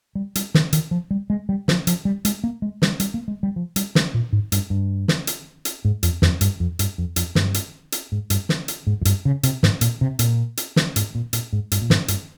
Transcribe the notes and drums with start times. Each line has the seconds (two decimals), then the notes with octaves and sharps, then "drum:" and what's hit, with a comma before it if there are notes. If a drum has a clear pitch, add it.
0.15 G3
0.35 G3, drum: hi-hat
0.54 D#3, drum: snare
0.73 D#3, drum: hi-hat
0.91 F3
1.11 G3
1.30 G#3
1.49 G3
1.68 F3, drum: snare
1.87 F3, drum: hi-hat
2.05 G3
2.25 G#3, drum: hi-hat
2.44 A#3
2.62 G#3
2.82 G3, drum: snare
3.00 G3, drum: hi-hat
3.14 A#3
3.28 G#3
3.43 G3
3.56 F3
3.76 G3, drum: hi-hat
3.95 G#3, drum: snare
4.14 A#2
4.32 G#2
4.52 G2, drum: hi-hat
4.70 G2
5.08 drum: snare
5.27 drum: hi-hat
5.65 drum: hi-hat
5.85 G#2
6.03 F2, drum: hi-hat
6.22 F2, drum: snare
6.41 G2, drum: hi-hat
6.60 F2
6.79 G2, drum: hi-hat
6.98 F2
7.16 F2, drum: hi-hat
7.35 G2, drum: snare
7.54 drum: hi-hat
7.92 drum: hi-hat
8.12 G#2
8.30 G2, drum: hi-hat
8.49 drum: snare
8.68 drum: hi-hat
8.87 G#2
9.01 F2
9.05 G2, drum: hi-hat
9.25 C#3
9.43 C3, drum: hi-hat
9.63 G#2, drum: snare
9.81 A#2, drum: hi-hat
10.01 C3
10.19 A#2, drum: hi-hat
10.57 drum: hi-hat
10.76 drum: snare
10.96 G#2, drum: hi-hat
11.15 A#2
11.33 A#2, drum: hi-hat
11.53 G#2
11.72 G2, drum: hi-hat
11.82 A#2
11.90 G#2, drum: snare
12.08 G2, drum: hi-hat